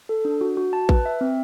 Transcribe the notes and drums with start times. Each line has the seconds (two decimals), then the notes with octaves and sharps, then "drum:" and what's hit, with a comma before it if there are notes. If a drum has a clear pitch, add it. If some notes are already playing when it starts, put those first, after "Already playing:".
0.09 A4
0.25 D4
0.41 F#4
0.57 F#4
0.73 A5
0.89 B4, drum: kick A1
1.05 E5
1.21 C4